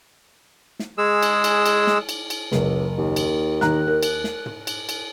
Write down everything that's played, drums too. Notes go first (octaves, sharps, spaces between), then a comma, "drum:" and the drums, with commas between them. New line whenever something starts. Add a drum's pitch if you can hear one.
drum: snare
G#3 G#4 E6
drum: cymbal
drum: cymbal
drum: cymbal
drum: snare
drum: cymbal
drum: cymbal
F#1 C#2 A#4, drum: snare
D#2
drum: cymbal
D#3 A#5 F#6, drum: snare
A#4
drum: cymbal
drum: snare
drum: tom
drum: cymbal
drum: cymbal